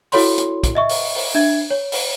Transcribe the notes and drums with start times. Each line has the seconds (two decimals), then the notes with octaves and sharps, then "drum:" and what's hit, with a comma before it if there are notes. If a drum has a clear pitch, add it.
0.12 E4 F#4 A4 C#5 B5 C6, drum: open hi-hat
0.38 drum: hi-hat
0.63 drum: kick, hi-hat
0.75 D#5 E5 C#6
0.89 drum: open hi-hat
1.15 drum: open hi-hat
1.35 D4 E5 G#6
1.70 C#5
1.92 drum: open hi-hat